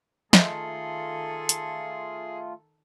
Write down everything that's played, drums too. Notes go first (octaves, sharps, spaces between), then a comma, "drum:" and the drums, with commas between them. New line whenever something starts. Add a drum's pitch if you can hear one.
D#3 A3 F4 G#4 A4 D#5 E5, drum: snare
drum: hi-hat